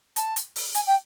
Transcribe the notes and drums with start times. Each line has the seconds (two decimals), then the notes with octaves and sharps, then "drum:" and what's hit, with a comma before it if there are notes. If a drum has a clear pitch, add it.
0.16 A5, drum: hi-hat
0.36 drum: hi-hat
0.56 drum: open hi-hat
0.75 G#5, drum: hi-hat
0.87 G5